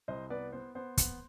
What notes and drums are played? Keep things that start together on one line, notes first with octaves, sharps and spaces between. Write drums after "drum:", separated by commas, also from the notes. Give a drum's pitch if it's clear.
C2 C5 D#5
B3 B4 D5
B3 C5
B3 C5
B3, drum: kick, hi-hat